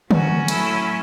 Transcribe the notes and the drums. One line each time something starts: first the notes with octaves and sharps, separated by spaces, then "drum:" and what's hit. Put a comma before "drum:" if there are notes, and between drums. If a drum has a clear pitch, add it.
A2 F#3 C#4 F#4, drum: tom D3
E4 A4, drum: hi-hat